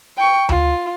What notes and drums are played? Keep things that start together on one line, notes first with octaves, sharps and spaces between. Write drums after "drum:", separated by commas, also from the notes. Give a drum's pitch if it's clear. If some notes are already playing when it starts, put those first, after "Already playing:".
G5 C#6
F4, drum: tom D2